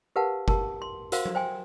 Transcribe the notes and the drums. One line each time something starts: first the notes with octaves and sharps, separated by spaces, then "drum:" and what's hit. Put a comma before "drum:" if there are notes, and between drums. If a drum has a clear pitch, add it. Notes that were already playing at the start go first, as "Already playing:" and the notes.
G4 A#4 B4 F5 F#5 A5
G4 A#4 A5, drum: kick F#1
C6
F#4 A#4 C5 F5 F#5 C6, drum: hi-hat
drum: tom F#3
C5 G5 G#5 C6